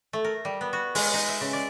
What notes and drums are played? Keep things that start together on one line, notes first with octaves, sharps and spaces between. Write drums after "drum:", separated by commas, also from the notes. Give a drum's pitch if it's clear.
A3
A#4
G3
B3
F#4
G#3, drum: open hi-hat
D#4
E5
C#3
D5